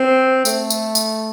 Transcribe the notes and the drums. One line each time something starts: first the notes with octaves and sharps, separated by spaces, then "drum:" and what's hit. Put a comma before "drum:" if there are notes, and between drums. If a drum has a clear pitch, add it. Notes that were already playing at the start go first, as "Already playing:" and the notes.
Already playing: C4
A3, drum: tambourine
drum: tambourine
drum: tambourine